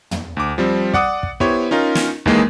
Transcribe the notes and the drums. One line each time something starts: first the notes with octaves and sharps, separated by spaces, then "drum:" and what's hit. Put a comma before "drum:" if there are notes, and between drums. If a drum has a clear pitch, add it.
drum: tom
D2 D6
F3 G3 C4
D5 F#5 D6 D#6, drum: kick
drum: kick
B3 E4 G4 C5 C#5, drum: kick
C#4 D#4 F4 A#4
drum: snare
D#2 D#3 E3 G#3 A#3, drum: kick